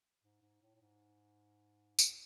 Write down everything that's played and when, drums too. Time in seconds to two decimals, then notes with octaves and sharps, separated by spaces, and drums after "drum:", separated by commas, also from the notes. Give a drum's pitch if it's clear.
0.23 G#2
0.41 G#2
0.62 A2
0.75 A2
0.81 G#2
1.99 G#2, drum: tambourine